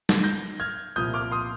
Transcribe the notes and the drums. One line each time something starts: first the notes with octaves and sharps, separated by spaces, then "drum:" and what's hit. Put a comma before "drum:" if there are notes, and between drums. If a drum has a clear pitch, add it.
drum: snare
G6 A#6
F6 G#6
C2 A#2 F3 D#6 G6
D6 F6
C6 D#6